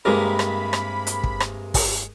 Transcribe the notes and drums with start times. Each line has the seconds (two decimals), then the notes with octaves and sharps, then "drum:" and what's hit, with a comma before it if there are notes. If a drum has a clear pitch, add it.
0.05 G2 C3 G#3 A#3 G#4 A#4 B5
0.39 drum: rim click
0.73 drum: rim click
1.07 drum: hi-hat
1.23 drum: kick
1.40 drum: rim click
1.74 drum: kick, open hi-hat